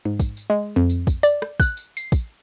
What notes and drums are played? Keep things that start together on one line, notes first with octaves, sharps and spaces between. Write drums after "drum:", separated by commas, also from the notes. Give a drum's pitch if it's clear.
G#2
drum: kick, tambourine
drum: tambourine
G#3
F2
drum: tambourine
drum: kick, tambourine
D5, drum: tambourine
drum: rim click
F#6, drum: kick, tambourine
drum: tambourine
C7, drum: tambourine
drum: kick, tambourine